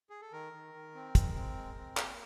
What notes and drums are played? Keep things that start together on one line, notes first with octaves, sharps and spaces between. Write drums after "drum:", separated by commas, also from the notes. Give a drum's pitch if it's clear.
G#4
A4
D#3 A#4
D#3
D#3
C4
G#3, drum: kick, hi-hat
C4
G#3
C4
A#3, drum: clap